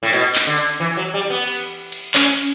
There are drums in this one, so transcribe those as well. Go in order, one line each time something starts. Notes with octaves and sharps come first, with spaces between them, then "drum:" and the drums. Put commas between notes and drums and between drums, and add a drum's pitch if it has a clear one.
A2
B2, drum: cymbal
drum: clap
D3
drum: cymbal
E3
F#3
G3
B3
drum: cymbal
drum: cymbal
C#4, drum: clap
drum: cymbal